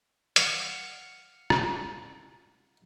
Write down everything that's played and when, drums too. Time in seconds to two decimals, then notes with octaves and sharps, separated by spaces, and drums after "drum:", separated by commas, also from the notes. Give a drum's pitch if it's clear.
0.36 F5 F#5, drum: hi-hat
1.50 drum: rim click